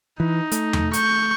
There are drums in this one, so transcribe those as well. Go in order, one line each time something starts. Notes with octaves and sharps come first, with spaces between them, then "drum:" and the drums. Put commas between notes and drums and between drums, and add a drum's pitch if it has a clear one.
E3 D#4
A3, drum: hi-hat
drum: tom E2
C#6 G6, drum: hi-hat